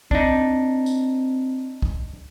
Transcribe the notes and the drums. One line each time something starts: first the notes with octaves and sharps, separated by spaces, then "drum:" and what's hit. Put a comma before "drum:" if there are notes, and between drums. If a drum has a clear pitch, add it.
C4 D4 D#4, drum: kick
drum: tambourine
drum: kick